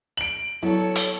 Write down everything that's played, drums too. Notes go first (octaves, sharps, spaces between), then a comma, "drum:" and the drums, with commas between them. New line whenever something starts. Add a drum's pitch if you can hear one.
D7 F#7
F#3 B3 E4 A4 C#5 D5
drum: hi-hat